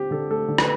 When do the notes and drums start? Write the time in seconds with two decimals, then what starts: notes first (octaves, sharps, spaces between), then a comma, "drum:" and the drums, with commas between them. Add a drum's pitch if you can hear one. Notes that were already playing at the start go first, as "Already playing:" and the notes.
Already playing: D3 C4 G4
0.11 D3 A4
0.30 A3 A4
0.48 D3
0.58 B4, drum: rim click